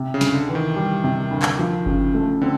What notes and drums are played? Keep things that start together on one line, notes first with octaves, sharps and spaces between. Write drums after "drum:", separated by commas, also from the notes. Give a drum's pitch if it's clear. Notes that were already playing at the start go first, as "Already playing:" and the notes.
Already playing: C3
C#3
D2, drum: snare
D3
E3
D#3
G3
C3
D2
drum: clap
F3
C#3, drum: kick F#1
A3
D3 C4